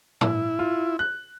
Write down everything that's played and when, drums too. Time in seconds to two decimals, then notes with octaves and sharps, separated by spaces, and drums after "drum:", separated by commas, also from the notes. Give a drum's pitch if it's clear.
0.21 E4, drum: tom G#2
0.59 F4
0.99 F#6